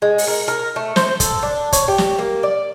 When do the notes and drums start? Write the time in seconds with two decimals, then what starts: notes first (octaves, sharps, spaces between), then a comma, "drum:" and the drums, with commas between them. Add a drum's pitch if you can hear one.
0.02 G#3
0.18 drum: open hi-hat
0.27 A#4
0.48 A#4
0.76 A3
0.96 C5, drum: snare
1.20 A4, drum: kick, hi-hat
1.43 D4
1.73 C#5, drum: kick, hi-hat
1.88 G4
1.98 drum: snare
2.19 A#3
2.43 D5